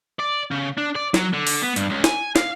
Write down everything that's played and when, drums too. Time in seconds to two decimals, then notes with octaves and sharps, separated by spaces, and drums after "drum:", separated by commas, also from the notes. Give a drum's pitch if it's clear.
0.20 D5
0.51 C#3
0.78 D4
0.96 D5
1.14 F#3, drum: snare
1.33 D3
1.47 drum: open hi-hat
1.62 B3
1.76 G2, drum: hi-hat
1.90 C#2
2.04 G#5, drum: snare
2.36 F5, drum: snare